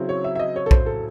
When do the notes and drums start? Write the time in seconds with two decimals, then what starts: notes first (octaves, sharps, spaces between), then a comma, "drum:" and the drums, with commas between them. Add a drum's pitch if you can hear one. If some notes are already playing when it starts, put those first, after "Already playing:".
Already playing: C#3 F#3 C4 E4
0.09 C#5
0.24 E5
0.35 E5
0.39 D#5
0.56 C#5
0.66 A4
0.71 C5, drum: kick B1
0.86 A4